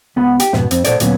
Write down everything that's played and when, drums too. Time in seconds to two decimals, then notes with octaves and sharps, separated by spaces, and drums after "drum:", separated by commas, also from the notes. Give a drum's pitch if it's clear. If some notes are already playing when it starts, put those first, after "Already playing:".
0.16 C#2 B3 F#5 B5
0.40 G4, drum: hi-hat
0.53 F2 G#2 B2 B3, drum: snare
0.71 F2 C4, drum: hi-hat
0.84 A#2 A4 C5 D5, drum: hi-hat
1.00 D2 A#2 F#3 A3 B3 C#4, drum: hi-hat